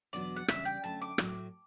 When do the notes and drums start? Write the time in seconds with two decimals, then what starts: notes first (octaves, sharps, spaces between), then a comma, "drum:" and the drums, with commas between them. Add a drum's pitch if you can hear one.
0.13 E2 B2 F#3 B3 D4 D5
0.37 F#5
0.48 E2 C#3 G3 D4 E5, drum: rim click
0.65 G5
0.84 F#2 D3 A3 A5
1.02 D6
1.18 A2 F#3 A3, drum: rim click